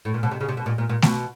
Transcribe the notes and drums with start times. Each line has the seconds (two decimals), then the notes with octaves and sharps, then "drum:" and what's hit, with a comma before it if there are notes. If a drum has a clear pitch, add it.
0.05 A2
0.14 A#2
0.23 B2
0.31 C3
0.41 C#3
0.49 C3
0.57 B2
0.66 A#2
0.78 A#2
0.89 A#2
1.02 B2, drum: snare A3